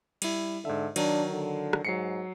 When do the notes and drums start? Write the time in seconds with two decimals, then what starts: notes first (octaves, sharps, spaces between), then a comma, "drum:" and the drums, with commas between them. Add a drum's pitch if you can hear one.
0.22 G3 E4, drum: cymbal
0.65 G#2 D3 E5
0.96 D#3 F#3 D4, drum: cymbal
1.31 D3
1.73 drum: rim click
1.85 G#2 F#3 C7 C#7